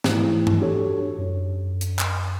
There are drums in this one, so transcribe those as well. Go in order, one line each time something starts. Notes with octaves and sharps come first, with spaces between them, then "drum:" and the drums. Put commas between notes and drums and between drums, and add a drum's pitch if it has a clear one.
G#2 E3 A3 E4, drum: snare
drum: tom G2
D4 F#4 G4 A4 C#5
F#2
drum: hi-hat
drum: clap